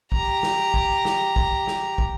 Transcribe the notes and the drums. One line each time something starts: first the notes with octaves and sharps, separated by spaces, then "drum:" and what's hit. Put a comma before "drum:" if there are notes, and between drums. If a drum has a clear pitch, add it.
G4 A#5, drum: kick
drum: snare
drum: kick
drum: snare
drum: kick
drum: snare
drum: kick